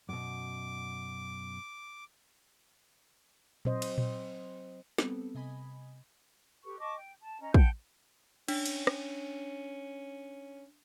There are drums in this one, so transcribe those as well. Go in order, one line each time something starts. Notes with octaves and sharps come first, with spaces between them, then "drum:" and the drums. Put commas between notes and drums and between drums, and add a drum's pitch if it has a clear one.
F#2 B2 D6
F#3 C4 C5 D#5, drum: tom A#2
drum: cymbal
drum: tom A#2
G3 B3 C4 A4, drum: snare
C3 D#5 G#5 B5
G4 A4 B4 C#6
D#5 A5 C#6 D6
G5
A5
C#4 D#5 A#5
F#5 G5 A5 G6, drum: kick
C#4 D4, drum: cymbal
drum: cymbal
drum: rim click